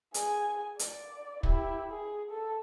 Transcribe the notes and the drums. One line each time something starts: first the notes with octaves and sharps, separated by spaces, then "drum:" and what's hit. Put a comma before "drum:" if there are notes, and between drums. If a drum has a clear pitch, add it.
G#4 G#5, drum: hi-hat
D5, drum: hi-hat
E4 G4, drum: kick
G#4
A4